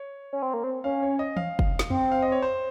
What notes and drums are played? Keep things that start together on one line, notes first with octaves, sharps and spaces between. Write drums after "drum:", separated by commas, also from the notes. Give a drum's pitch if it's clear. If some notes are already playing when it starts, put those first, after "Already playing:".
Already playing: C#5
C#4
C4
A#3
C4
C#4 F5
C#5
D#5
F5, drum: tom E3
drum: kick
drum: snare
C4, drum: tom F2
F5
D#5
C#5
C5